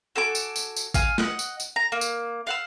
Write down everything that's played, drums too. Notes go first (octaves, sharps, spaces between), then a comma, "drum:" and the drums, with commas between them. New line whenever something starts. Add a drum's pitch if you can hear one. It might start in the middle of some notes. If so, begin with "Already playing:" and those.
F#4 A4 G#5 D6
drum: tambourine
drum: tambourine
drum: tambourine
F5 G#5, drum: kick A1, tambourine
D#5 F#5, drum: snare
drum: tambourine
drum: tambourine
A#5
A#3
drum: tambourine
F5 F#5 E6